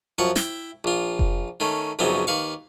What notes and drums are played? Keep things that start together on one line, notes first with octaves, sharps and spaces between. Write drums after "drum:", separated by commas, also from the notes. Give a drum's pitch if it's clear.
F#2 F3 F#5 C#6
E4 E5 G5, drum: snare
A#1 F4
drum: kick F1
D#3 A3 C#4
A#1 F#2 C#3 B3 C4 D#4
D#2 B4 F5 C#6